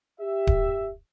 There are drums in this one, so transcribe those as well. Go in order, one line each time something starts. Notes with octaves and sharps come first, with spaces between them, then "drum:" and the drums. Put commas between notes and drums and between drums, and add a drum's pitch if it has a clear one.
G4 E5
drum: kick D1